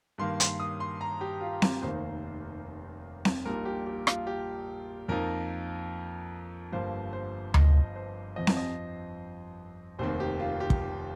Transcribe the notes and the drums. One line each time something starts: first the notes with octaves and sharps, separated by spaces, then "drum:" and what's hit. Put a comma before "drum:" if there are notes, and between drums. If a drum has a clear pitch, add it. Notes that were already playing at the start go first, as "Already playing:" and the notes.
G2 D#3 A#3 C6
C6, drum: hi-hat
D#6
C6
A#5
G4
F4
G4, drum: snare C4
F1 D#2 D#3 A#3 D#4 C5
drum: snare C4
A#1 A#2 G3 D#4 A#4
G4
G4
F4, drum: rim click
G4
F2 F3 A#3 D#4 A#4
G1 G2 F3 A#3 C5
C5
D#5, drum: tom D2
C5
F2 F3 C4 D#5
C5, drum: snare C4
D#5
F1 D#2 D#3 C4 C5
G4
F4
G4
drum: kick